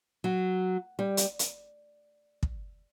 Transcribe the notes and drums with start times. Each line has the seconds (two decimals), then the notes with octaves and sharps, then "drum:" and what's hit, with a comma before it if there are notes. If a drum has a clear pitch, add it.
0.24 F#3
0.99 G3
1.17 drum: hi-hat
1.39 drum: hi-hat
2.43 drum: kick